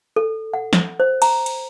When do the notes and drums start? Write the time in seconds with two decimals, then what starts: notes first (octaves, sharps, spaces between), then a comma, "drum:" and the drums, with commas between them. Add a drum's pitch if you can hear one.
0.16 A4
0.54 F#5
0.73 drum: snare
1.00 C5
1.22 A#5, drum: cymbal
1.46 drum: cymbal